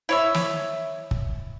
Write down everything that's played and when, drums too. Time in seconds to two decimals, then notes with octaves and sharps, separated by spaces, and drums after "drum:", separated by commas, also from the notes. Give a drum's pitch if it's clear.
0.09 E4 C#5 E5
0.34 drum: snare
1.11 drum: kick